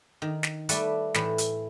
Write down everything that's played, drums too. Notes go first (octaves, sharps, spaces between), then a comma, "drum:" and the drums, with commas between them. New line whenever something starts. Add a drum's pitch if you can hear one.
D#3
drum: snare
G3 A3 A4 B4 D5, drum: hi-hat
A2 E3 E4, drum: snare
drum: hi-hat